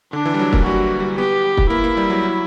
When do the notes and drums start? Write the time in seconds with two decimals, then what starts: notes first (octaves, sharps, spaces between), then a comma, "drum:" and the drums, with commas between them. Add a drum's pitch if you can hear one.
0.13 D3 D4
0.25 E3
0.34 G3
0.39 F#3
0.53 A#3, drum: kick
0.65 G3 F#4
1.00 G3
1.18 B3 G4
1.57 drum: kick
1.70 A#3 E4
1.84 A#3
1.97 G3
2.10 F#3
2.23 F#3